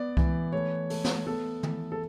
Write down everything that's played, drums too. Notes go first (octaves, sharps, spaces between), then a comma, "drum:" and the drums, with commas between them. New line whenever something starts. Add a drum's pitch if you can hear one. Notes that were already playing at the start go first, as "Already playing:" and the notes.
Already playing: B3 D5
E3, drum: kick C2
A3 C#5
A3, drum: open hi-hat
drum: snare
B3 A4
E3, drum: tom
A4